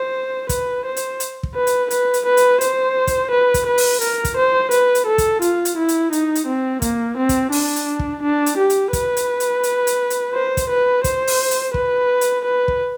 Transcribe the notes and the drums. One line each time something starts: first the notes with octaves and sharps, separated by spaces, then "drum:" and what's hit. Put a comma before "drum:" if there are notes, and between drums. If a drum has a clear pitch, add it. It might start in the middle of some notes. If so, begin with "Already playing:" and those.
Already playing: C5
B4, drum: kick, hi-hat
C5
drum: hi-hat
drum: hi-hat
drum: kick
B4
drum: hi-hat
B4, drum: hi-hat
drum: hi-hat
B4
drum: hi-hat
C5, drum: hi-hat
drum: kick, hi-hat
B4
drum: kick, hi-hat
B4
drum: open hi-hat
A#4, drum: hi-hat
drum: kick, hi-hat
C5
B4, drum: hi-hat
drum: hi-hat
A4
drum: kick, hi-hat
F4, drum: hi-hat
drum: hi-hat
E4
drum: hi-hat
D#4, drum: hi-hat
drum: hi-hat
C4
A#3, drum: kick, hi-hat
C4
drum: kick, hi-hat
D4, drum: open hi-hat
drum: hi-hat
drum: kick
D4
drum: hi-hat
G4
drum: hi-hat
B4, drum: kick, hi-hat
drum: hi-hat
drum: hi-hat
drum: hi-hat
drum: hi-hat
drum: hi-hat
C5
drum: kick, hi-hat
B4
C5, drum: kick, hi-hat
drum: open hi-hat
drum: hi-hat
B4, drum: kick
drum: hi-hat
B4
drum: kick